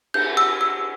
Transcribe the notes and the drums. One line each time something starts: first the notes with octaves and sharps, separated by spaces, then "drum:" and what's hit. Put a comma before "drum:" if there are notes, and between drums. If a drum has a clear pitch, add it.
G6, drum: cymbal
E6
E6